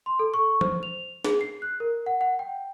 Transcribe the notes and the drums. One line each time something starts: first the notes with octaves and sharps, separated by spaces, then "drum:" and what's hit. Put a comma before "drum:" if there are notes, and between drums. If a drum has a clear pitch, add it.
C6
A4
C#6
C5, drum: tom F3
F7
G#4, drum: snare
C7
F#6
A#4
F#5
F#5
G5